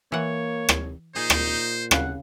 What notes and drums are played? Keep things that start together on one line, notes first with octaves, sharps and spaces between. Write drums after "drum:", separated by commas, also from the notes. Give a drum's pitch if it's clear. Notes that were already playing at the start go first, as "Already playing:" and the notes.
E3 A#3 C#5 F#5
drum: rim click
A#2 D#4 G#4 C5
drum: rim click
C#3 F5 F#5, drum: rim click